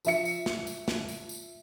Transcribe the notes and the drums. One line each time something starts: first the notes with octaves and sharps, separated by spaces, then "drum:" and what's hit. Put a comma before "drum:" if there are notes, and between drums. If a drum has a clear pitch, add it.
F3 E5 C#7, drum: tambourine
drum: tambourine
drum: snare
drum: tambourine
drum: snare
drum: tambourine
drum: tambourine